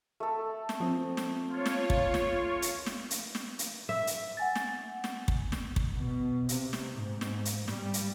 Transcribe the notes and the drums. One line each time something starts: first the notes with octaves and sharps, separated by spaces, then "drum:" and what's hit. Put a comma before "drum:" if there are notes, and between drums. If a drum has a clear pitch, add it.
A3 A4
drum: snare
F3 C4 D#6
drum: snare
F4 C#5
drum: snare
drum: kick
drum: snare
drum: hi-hat
drum: snare
drum: hi-hat
drum: snare
drum: hi-hat
E5
drum: hi-hat
F#5 G#5 A6
drum: snare
drum: snare
drum: kick
drum: snare
drum: kick
B2
C3, drum: hi-hat
drum: snare
G#2
drum: snare
drum: hi-hat
G3, drum: snare
drum: hi-hat